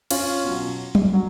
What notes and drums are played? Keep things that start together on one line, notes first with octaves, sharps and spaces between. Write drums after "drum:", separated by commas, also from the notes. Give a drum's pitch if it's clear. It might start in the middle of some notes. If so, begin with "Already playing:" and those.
C#4 F4, drum: cymbal
B2 F#3
drum: tom F#3
F#3